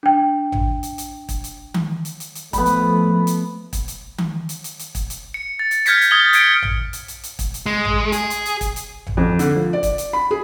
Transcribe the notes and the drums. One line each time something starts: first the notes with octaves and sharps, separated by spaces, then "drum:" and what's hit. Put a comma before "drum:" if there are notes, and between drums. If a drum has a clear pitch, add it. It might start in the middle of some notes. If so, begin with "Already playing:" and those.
D4 G5
drum: tom A1
drum: hi-hat
drum: hi-hat
drum: kick, hi-hat
drum: hi-hat
drum: tom D#3
drum: hi-hat
drum: hi-hat
drum: hi-hat
F3 A3 B3 B5, drum: kick, hi-hat
drum: hi-hat
drum: hi-hat
drum: kick, hi-hat
drum: hi-hat
drum: tom D#3
drum: hi-hat
drum: hi-hat
drum: hi-hat
drum: kick, hi-hat
drum: hi-hat
C#7
A6
drum: hi-hat
F6 G6 G#6 B6 C#7, drum: hi-hat
drum: hi-hat
D#6 G#6 A6 G7
D#6 G#6 C#7 D7, drum: hi-hat
drum: tom A1
drum: hi-hat
drum: hi-hat
drum: hi-hat
drum: kick, hi-hat
drum: hi-hat
G#3
drum: tom A1
G#4, drum: hi-hat
drum: hi-hat
drum: hi-hat
drum: kick, hi-hat
drum: hi-hat
drum: tom A1
F2
D3, drum: hi-hat
F3
D5
drum: kick, hi-hat
drum: hi-hat
B5
G#4